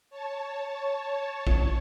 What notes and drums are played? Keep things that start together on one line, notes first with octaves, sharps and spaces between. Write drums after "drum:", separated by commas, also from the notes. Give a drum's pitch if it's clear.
C#5 A5
drum: kick A#1